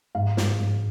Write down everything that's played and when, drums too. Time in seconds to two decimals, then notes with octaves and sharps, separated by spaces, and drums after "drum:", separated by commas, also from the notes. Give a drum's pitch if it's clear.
0.15 G#2 F5
0.37 G#2, drum: snare
0.60 G#2